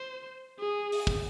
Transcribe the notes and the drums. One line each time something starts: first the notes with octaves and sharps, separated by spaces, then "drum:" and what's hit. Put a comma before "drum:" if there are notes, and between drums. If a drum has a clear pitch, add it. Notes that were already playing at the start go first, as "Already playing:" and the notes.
Already playing: C5
G#4
drum: open hi-hat
drum: kick